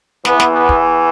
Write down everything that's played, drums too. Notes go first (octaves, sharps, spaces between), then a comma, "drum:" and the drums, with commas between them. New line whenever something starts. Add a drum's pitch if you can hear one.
E2 E3 B3, drum: snare
drum: snare
B3
drum: kick